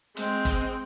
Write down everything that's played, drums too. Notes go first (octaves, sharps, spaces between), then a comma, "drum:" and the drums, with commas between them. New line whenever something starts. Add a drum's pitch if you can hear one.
G#3 C4, drum: hi-hat
drum: kick, hi-hat